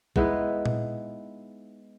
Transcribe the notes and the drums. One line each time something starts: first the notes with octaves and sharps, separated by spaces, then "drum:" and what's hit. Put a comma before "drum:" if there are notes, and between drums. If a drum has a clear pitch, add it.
G#3 B3 D#4 E4, drum: kick
drum: tom A#2